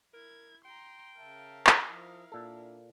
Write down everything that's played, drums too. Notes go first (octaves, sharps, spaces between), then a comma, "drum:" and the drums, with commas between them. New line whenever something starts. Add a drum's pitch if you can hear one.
E4 A#4 G#6
G5 A#5 C6
C#3 A#4 E5 F5 A5
drum: clap
F3 E4 D#5
A#2 D4 A4